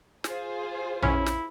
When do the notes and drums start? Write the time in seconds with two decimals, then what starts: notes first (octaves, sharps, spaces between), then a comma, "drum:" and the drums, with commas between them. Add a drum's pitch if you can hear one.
0.24 F4 G#4 C5, drum: snare
1.02 B1 C#4 E4, drum: tom A#1
1.26 drum: snare